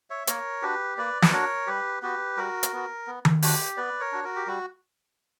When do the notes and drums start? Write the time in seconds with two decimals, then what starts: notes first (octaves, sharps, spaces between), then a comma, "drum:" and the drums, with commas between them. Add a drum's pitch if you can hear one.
0.10 C#5 E5
0.27 A#3 A#4 C#5, drum: hi-hat
0.62 D4 F#4 G4 B4
0.97 A#3 B4 D5
1.22 B4, drum: snare
1.32 D4 F#4 A#4 C#5
1.67 G3 G4 B4
2.02 B3 F#4 G4 B4
2.37 G3 F#4 A#4
2.63 drum: hi-hat
2.73 B3 F#4
3.07 B3
3.25 drum: tom D#3
3.42 D4 F#4 G4, drum: open hi-hat
3.77 B3 B4 D5
4.00 A#4 C#5
4.12 D4 F#4
4.24 F#4 A#4
4.36 G4
4.47 G3 F#4